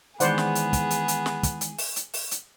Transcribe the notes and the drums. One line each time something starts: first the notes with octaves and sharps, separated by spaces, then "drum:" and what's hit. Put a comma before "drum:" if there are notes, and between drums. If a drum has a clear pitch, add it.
D#3 E3 G#3 B3 G#4 C5 D5 F#5, drum: hi-hat
drum: snare
drum: hi-hat
drum: kick, hi-hat
drum: hi-hat
drum: hi-hat
drum: snare
drum: kick, hi-hat
drum: hi-hat
drum: open hi-hat
drum: hi-hat
drum: open hi-hat
drum: hi-hat